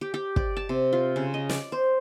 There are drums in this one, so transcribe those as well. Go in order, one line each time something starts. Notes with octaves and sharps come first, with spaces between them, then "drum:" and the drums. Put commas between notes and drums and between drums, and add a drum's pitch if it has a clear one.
G4
G4
D5, drum: kick
A5
C3
F4
C#3
D#5
D5, drum: snare
C5